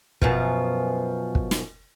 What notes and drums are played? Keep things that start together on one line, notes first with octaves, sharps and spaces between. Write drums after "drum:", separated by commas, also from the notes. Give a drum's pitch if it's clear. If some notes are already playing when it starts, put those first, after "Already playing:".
F#2 B2 F3, drum: kick
drum: kick
drum: snare